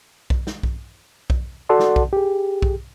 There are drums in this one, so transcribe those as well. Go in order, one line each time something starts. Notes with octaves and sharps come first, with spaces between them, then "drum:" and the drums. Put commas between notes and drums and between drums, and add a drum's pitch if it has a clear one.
drum: kick B1
drum: snare
drum: kick B1
drum: kick B1
F#4 A4 D5 F#5 A5 C6
drum: snare
drum: kick B1
G4 G#4
drum: kick B1